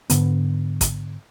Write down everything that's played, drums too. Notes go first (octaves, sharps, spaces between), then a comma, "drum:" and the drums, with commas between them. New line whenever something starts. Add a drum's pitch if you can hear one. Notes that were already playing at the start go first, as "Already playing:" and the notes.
G#2 D3 B3, drum: hi-hat
drum: kick, hi-hat